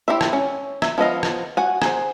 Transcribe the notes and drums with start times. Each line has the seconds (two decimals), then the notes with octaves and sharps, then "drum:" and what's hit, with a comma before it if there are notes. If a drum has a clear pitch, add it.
0.08 E4 G4 C5 E5
0.21 drum: rim click
0.33 C#4
0.82 E5, drum: rim click
0.98 F3 B3 D#5 F5
1.23 drum: rim click
1.57 F#4 F#5 G#5
1.82 G#4 C5, drum: rim click